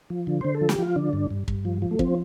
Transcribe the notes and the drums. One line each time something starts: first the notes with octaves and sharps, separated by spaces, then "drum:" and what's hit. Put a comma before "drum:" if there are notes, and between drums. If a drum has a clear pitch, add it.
F3
D3
D3 C5
A4
F3
G4, drum: snare
F3 F4
D3 D4
G2
G2
G2, drum: kick
F3
F3
A3
F3 C4, drum: kick